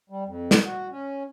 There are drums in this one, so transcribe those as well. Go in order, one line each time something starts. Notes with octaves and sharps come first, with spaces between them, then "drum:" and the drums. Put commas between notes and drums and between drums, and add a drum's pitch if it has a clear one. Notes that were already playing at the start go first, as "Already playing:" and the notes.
G3
F2
drum: snare
F#4
C#4